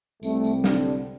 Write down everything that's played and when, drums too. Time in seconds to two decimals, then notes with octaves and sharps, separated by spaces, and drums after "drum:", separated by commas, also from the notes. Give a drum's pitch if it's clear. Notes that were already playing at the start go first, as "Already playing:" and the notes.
0.23 C2 C3 G3 A3, drum: tambourine
0.44 drum: tambourine
0.64 D3 D4, drum: snare